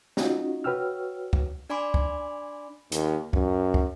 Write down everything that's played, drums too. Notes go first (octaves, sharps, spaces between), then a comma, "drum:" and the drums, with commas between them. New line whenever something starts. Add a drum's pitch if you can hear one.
C#4 D#4 F4 F#4 D#5, drum: snare
F#4 B4 C#5 G5 E6 F6
drum: kick
D4 D5 G#5 B5 C6 D6
drum: kick
D#2, drum: hi-hat
F#2, drum: kick
drum: kick